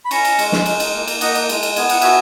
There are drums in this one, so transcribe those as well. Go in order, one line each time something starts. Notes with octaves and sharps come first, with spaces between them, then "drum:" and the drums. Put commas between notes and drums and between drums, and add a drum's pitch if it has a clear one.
B5
C#4 A#5 C#6, drum: cymbal
drum: cymbal
G#3, drum: cymbal
drum: snare
D#4, drum: cymbal
drum: cymbal
A#3
drum: cymbal
D#4 D#5 F#5, drum: cymbal
drum: cymbal
G#3, drum: cymbal
drum: cymbal
B3 G#5, drum: cymbal
F#5, drum: cymbal
F#4 E5 G#5, drum: cymbal